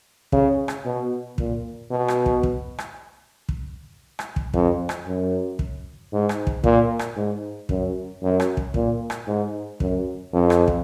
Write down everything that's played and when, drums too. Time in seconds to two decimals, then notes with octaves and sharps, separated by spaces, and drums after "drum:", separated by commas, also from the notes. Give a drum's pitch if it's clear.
0.32 C#3, drum: kick
0.68 drum: rim click
0.85 B2
1.38 A#2, drum: kick
1.91 B2
2.08 drum: rim click
2.26 drum: kick
2.43 drum: kick
2.78 drum: rim click
3.49 drum: kick
4.19 drum: rim click
4.36 drum: kick
4.54 F2, drum: kick
4.89 drum: rim click
5.06 F#2
5.59 drum: kick
6.12 G#2
6.29 drum: rim click
6.47 drum: kick
6.64 A#2, drum: kick
6.99 drum: rim click
7.16 G#2
7.69 F#2, drum: kick
8.22 F#2
8.40 drum: rim click
8.57 drum: kick
8.74 A#2, drum: kick
9.10 drum: rim click
9.27 G#2
9.80 F#2, drum: kick
10.33 F2
10.50 drum: rim click
10.68 drum: kick